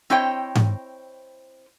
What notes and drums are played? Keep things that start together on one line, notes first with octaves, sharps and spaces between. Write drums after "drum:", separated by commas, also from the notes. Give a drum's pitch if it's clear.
C4 E4 C5 C#5 D#5 G5
drum: tom G#2